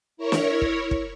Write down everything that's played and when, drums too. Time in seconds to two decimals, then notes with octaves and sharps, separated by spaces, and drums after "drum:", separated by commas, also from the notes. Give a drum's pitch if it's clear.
0.17 E4 A#4 C#5 C#6
0.32 drum: snare
0.62 drum: kick
0.91 drum: kick